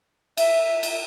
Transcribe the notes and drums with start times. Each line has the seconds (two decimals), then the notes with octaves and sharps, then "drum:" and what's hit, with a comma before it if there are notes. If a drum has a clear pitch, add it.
0.37 E5, drum: cymbal
0.83 drum: cymbal